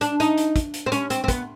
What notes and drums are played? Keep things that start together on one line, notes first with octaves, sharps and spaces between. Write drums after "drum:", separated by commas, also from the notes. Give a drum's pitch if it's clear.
D4, drum: hi-hat
D#4, drum: hi-hat
drum: hi-hat
drum: kick, hi-hat
drum: hi-hat
C4
C#4, drum: hi-hat
C4, drum: hi-hat
C4
B3, drum: kick, hi-hat